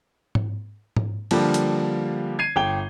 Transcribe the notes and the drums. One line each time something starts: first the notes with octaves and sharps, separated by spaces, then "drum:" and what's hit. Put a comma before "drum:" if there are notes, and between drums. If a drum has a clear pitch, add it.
drum: tom G#2
drum: tom G#2
D3 F3 G3 A#3 D4, drum: cymbal
drum: hi-hat
G#6 C7 D#7
G1 G5 G7